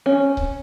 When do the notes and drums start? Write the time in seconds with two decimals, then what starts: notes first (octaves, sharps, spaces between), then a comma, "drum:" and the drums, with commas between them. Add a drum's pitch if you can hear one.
0.06 C#4
0.37 drum: kick C#1